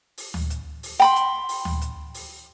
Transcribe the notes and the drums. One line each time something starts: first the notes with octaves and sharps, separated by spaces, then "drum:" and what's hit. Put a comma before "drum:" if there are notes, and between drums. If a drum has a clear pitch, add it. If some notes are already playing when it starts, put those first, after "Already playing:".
drum: open hi-hat
drum: tom D2
drum: hi-hat
drum: open hi-hat
G5 B5 C6
drum: hi-hat
drum: open hi-hat
drum: tom D2
drum: hi-hat
drum: open hi-hat